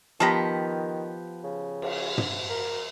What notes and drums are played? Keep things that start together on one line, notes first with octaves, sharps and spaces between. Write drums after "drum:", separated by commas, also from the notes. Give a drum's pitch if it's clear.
D#3 F3 B3 G4 A5 A#5
C#3
drum: cymbal
drum: tom
A#4